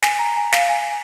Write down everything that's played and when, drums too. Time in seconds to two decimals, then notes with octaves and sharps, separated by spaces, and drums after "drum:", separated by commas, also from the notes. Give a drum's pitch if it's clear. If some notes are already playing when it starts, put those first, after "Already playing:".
0.02 G#5, drum: snare
0.19 A#5
0.36 G#5
0.52 F5, drum: snare
0.69 G#5